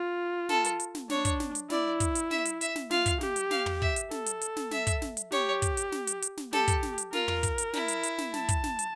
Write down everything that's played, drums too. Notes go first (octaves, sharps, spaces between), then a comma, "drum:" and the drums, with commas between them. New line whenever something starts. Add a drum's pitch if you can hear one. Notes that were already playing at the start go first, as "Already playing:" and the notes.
Already playing: F4
A4, drum: snare
drum: hi-hat
drum: hi-hat
drum: snare
D4 C#5, drum: snare
drum: kick, hi-hat
drum: snare
drum: hi-hat
E4 D5, drum: snare
drum: kick, hi-hat
drum: hi-hat
E5, drum: snare
drum: hi-hat
E5, drum: hi-hat
drum: snare
F4 F5, drum: snare
drum: kick, hi-hat
G4, drum: snare
drum: hi-hat
F5, drum: snare
drum: tom
E5, drum: kick
drum: hi-hat
A4, drum: snare
drum: hi-hat
drum: hi-hat
drum: snare
E5, drum: snare
drum: kick, hi-hat
drum: snare
drum: hi-hat
G4 C#5, drum: snare
drum: kick, hi-hat
drum: hi-hat
drum: snare
drum: hi-hat
drum: hi-hat
drum: snare
G4 A4, drum: snare
drum: kick, hi-hat
drum: snare
drum: hi-hat
F4 A#4, drum: snare
drum: tom
drum: kick, hi-hat
drum: hi-hat
E4, drum: snare
drum: hi-hat
drum: hi-hat
drum: snare
A5, drum: snare
drum: kick, hi-hat
drum: snare
drum: hi-hat